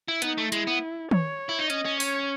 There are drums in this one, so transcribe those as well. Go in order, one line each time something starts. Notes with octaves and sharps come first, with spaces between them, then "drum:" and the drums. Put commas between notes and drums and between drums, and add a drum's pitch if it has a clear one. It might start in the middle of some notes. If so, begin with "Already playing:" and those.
E4
B3 D#4, drum: hi-hat
A3
G#3 E4, drum: hi-hat
B3
C#5, drum: tom
E4
D#4
C#4 D#5, drum: hi-hat
C#4
C#5, drum: open hi-hat